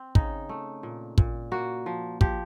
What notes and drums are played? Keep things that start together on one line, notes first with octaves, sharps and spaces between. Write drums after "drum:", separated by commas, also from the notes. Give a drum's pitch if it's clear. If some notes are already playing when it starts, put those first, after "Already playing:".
Already playing: C4
C#3 D#4, drum: kick
A3
A#2
A#2, drum: kick
A#3 F#4
F3
F3 G4, drum: kick